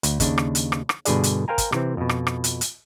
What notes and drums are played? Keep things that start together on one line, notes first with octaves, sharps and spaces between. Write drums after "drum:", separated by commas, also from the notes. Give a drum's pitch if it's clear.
D2, drum: hi-hat
D#2 C#3 D4, drum: kick, hi-hat
drum: rim click
drum: hi-hat
drum: rim click
drum: rim click
G2 B2 D3 G#4 D5, drum: hi-hat
drum: hi-hat
A#4 C5 F5 G5 G#5 A#5
drum: kick, hi-hat
C3 E3 C4, drum: rim click
F2 B2
drum: rim click
drum: rim click
drum: hi-hat
drum: hi-hat